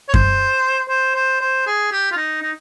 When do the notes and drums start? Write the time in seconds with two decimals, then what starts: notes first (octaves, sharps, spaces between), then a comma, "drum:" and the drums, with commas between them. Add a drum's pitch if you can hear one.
0.09 C#5
0.14 C5, drum: kick F#2
0.89 C5
1.15 C5
1.41 C5
1.67 G#4
1.92 G4
2.12 F4
2.17 D#4
2.43 D#4